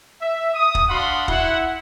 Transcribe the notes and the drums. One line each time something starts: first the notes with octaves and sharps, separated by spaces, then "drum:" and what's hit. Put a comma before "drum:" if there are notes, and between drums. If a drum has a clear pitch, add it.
E5
D#6
drum: kick
D4 F#4 F5 F#5 B5 C6
E4 F#5, drum: kick